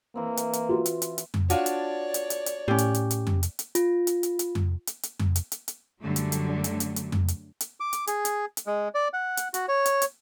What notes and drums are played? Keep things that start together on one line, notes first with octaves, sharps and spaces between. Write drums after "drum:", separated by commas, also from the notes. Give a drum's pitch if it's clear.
E3 A#3 C4
drum: hi-hat
drum: hi-hat
F4 F#4
drum: hi-hat
drum: hi-hat
drum: hi-hat
drum: tom F2
D4 F4 F#4 C#5 D5, drum: hi-hat
drum: hi-hat
drum: hi-hat
drum: hi-hat
drum: hi-hat
A2 C#4 G4
drum: hi-hat
drum: hi-hat
drum: hi-hat
drum: tom F2
drum: hi-hat
drum: hi-hat
F4, drum: hi-hat
drum: hi-hat
drum: hi-hat
drum: hi-hat
drum: tom F2
drum: hi-hat
drum: hi-hat
drum: tom F2
drum: hi-hat
drum: hi-hat
drum: hi-hat
F#2 D3 F#3 G3 A3
drum: hi-hat
drum: hi-hat
drum: hi-hat
drum: hi-hat
drum: hi-hat
drum: tom F2
drum: hi-hat
drum: hi-hat
D6
drum: hi-hat
G#4, drum: hi-hat
drum: hi-hat
drum: hi-hat
G#3
D5
F#5
drum: hi-hat
F#4, drum: hi-hat
C#5
drum: hi-hat
drum: hi-hat